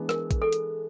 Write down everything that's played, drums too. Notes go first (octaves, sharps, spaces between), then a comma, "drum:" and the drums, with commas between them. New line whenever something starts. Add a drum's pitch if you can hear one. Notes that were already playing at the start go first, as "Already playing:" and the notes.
Already playing: E3 G#3 B3 D4
A#4, drum: rim click
drum: kick, hi-hat
A4
drum: hi-hat